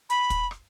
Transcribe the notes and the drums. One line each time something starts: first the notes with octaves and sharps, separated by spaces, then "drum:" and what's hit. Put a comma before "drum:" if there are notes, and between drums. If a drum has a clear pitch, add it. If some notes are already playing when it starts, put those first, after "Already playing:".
B5, drum: hi-hat
drum: kick, hi-hat
drum: rim click